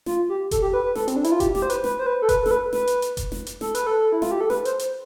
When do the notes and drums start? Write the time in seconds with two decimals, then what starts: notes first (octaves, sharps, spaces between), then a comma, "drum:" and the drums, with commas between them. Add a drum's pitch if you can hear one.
0.06 F4, drum: snare
0.29 G4
0.51 A4, drum: kick F1, hi-hat
0.62 G4
0.73 B4
0.84 B4
0.95 A4, drum: snare
1.08 C4, drum: hi-hat
1.16 D4
1.24 E4, drum: hi-hat
1.32 F4
1.40 G4, drum: kick F1, hi-hat
1.55 G4, drum: snare
1.62 C5
1.70 B4, drum: hi-hat
1.84 B4, drum: snare
1.99 C5
2.06 B4
2.22 A4
2.29 B4, drum: kick F1, hi-hat
2.46 A4, drum: snare
2.51 B4
2.73 B4, drum: snare
2.87 drum: hi-hat
3.02 drum: hi-hat
3.17 drum: kick F1, hi-hat
3.32 drum: snare
3.46 drum: hi-hat
3.61 A4, drum: snare
3.75 B4, drum: hi-hat
3.87 A4
4.12 E4
4.22 F4, drum: snare
4.31 G4
4.41 A4
4.50 B4, drum: snare
4.65 C5, drum: hi-hat
4.79 drum: hi-hat